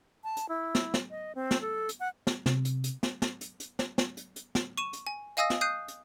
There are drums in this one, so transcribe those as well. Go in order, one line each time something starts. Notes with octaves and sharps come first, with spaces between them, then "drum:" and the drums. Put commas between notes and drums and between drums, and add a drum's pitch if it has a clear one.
A5
drum: hi-hat
E4
drum: snare
drum: snare
D#5
C4
drum: snare
A4
drum: hi-hat
F#5
drum: snare
C3, drum: snare
drum: hi-hat
drum: hi-hat
drum: snare
drum: snare
drum: hi-hat
drum: hi-hat
drum: snare
drum: snare
drum: hi-hat
drum: hi-hat
drum: snare
C#6 D#7 E7
drum: hi-hat
G#5
D#5 F5 G#5 D#6 E6 A#6
drum: snare
D#6 F#6 G6 C7 D#7
drum: hi-hat